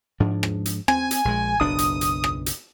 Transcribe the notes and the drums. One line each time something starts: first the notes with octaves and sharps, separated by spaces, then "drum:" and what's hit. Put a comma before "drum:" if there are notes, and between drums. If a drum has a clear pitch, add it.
G#2 F3 D4
drum: rim click
drum: hi-hat
C4 G#5, drum: rim click
drum: hi-hat
A#1 G#3
F#1 B1 D4 D#6
drum: hi-hat
drum: hi-hat
drum: rim click
drum: hi-hat